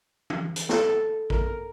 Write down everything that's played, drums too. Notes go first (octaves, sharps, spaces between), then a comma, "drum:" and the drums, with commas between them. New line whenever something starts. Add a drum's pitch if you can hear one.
drum: tom
drum: hi-hat
A4, drum: snare
A#4, drum: kick A1